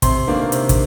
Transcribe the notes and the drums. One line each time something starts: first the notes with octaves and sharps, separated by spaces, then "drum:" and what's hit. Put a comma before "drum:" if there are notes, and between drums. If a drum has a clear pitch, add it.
C3 C6, drum: kick, hi-hat
D#3 A#3 D4
C3, drum: hi-hat
drum: kick, hi-hat